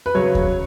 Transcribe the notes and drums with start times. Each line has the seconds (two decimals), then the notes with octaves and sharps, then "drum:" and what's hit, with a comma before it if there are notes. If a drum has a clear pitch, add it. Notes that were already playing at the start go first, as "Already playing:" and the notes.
0.06 B4
0.15 C#3 F#3 C#5
0.35 drum: kick D#2